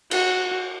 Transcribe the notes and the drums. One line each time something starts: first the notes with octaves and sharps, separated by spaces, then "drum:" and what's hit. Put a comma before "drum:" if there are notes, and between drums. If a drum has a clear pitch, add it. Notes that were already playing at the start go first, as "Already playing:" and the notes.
F#4, drum: cymbal